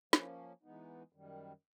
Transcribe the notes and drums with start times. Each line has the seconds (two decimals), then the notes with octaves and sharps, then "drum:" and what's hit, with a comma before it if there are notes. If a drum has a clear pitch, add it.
0.13 F3 A#3 C#4, drum: snare
0.63 E3 G#3 B3 D#4
1.13 F#2 D#3 G3